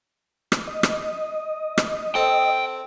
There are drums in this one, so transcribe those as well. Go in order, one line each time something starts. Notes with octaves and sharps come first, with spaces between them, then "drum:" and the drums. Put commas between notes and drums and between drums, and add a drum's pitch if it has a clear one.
drum: rim click
D#5
drum: rim click
drum: rim click
C4 A4 G5